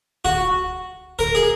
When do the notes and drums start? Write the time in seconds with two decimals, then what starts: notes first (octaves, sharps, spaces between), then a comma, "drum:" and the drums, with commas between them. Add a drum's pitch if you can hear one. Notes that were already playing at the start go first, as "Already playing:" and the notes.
0.25 F#4, drum: kick
1.19 A#4, drum: kick
1.35 G#4